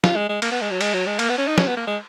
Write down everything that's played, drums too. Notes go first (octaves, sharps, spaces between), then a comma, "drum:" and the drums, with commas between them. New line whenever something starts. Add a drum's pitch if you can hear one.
F4, drum: snare
G#3
G#3
A#3, drum: cymbal
B3
G#3
F#3
G#3, drum: cymbal
F#3
G#3
A#3, drum: cymbal
B3
C#4
D#4
C#4, drum: snare
B3
A#3
G#3